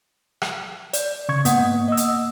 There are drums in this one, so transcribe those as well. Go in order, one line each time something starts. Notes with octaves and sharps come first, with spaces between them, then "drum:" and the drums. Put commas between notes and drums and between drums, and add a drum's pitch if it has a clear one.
drum: rim click
D5, drum: hi-hat
C#3 C#6 G#6
G#2 A#3 B3 F#5, drum: hi-hat
D#5 E6
drum: hi-hat